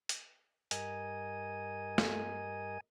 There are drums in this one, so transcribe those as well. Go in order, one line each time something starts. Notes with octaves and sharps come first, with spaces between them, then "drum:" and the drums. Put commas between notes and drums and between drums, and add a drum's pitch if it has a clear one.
drum: hi-hat
G2 A#4 D#5 G#5, drum: hi-hat
drum: snare